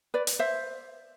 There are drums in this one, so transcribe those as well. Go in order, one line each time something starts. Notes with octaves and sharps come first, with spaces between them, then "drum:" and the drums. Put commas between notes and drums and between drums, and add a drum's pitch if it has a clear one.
B4 D5
drum: hi-hat
C5 E5